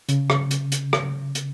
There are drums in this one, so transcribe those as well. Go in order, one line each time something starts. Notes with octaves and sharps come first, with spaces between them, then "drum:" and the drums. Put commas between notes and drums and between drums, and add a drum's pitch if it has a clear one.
C#3, drum: hi-hat
drum: rim click
drum: hi-hat
drum: hi-hat
drum: rim click
drum: hi-hat